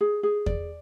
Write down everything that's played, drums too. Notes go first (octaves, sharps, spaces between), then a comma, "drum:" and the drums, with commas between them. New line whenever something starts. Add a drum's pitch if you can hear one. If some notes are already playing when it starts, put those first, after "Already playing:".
G#4
G#4
D5, drum: kick E2